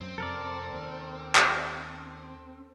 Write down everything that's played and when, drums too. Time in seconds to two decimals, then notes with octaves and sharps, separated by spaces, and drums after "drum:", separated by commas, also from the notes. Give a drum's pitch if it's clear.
0.01 F#2 C4
0.18 F2 C3 A4 A#4 D5
0.73 D#2
1.35 drum: clap